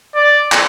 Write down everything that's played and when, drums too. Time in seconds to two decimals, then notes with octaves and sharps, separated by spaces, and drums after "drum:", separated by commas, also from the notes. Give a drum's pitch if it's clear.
0.15 D5
0.52 drum: clap